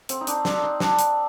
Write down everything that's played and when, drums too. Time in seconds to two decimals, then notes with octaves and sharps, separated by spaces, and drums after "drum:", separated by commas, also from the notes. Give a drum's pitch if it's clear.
0.09 C4, drum: hi-hat
0.21 D#4
0.27 D4, drum: hi-hat
0.45 D4, drum: snare
0.63 D#4
0.80 D4, drum: snare
0.99 drum: hi-hat